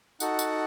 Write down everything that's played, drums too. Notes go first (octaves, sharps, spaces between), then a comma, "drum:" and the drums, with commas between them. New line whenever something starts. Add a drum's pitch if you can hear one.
D#4 F#4 A4 F#5, drum: tambourine
drum: tambourine